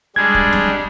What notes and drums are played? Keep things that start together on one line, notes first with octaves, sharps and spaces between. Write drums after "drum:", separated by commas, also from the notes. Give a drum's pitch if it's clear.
G3 G#3 D4 G#6
drum: kick
drum: snare